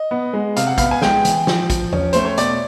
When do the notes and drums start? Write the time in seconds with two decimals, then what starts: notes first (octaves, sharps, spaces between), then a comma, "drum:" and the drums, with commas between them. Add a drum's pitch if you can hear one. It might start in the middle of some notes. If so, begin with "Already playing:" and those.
Already playing: D#5
0.11 B3
0.33 G#3
0.56 C3 F5, drum: hi-hat
0.67 F#5
0.78 B3 F5, drum: kick, hi-hat
0.91 G#5
1.02 G#3 G5, drum: snare
1.25 E3, drum: hi-hat
1.47 F3, drum: snare
1.70 F3, drum: kick, hi-hat
1.93 C#4, drum: tom E2
2.13 A3 C5, drum: hi-hat
2.25 C#5
2.37 B2 D5, drum: hi-hat